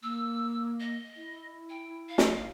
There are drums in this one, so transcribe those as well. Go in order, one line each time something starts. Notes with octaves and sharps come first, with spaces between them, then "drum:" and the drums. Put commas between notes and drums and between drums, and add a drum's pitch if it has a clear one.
A#3 E6
D#5
E4
G5
F5
drum: snare